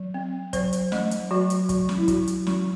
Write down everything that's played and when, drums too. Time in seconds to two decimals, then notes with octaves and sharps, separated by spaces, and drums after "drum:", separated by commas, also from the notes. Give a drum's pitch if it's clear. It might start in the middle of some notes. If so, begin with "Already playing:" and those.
Already playing: F#3
0.14 C4
0.53 F#3 C5, drum: kick, hi-hat
0.73 drum: hi-hat
0.92 A3 D#5, drum: snare
1.11 drum: hi-hat
1.30 F#3 F#4
1.50 drum: hi-hat
1.69 F#3, drum: kick, hi-hat
1.89 drum: snare
1.98 E4
2.08 F#3 F#4, drum: kick, hi-hat
2.27 drum: hi-hat
2.47 F#3, drum: snare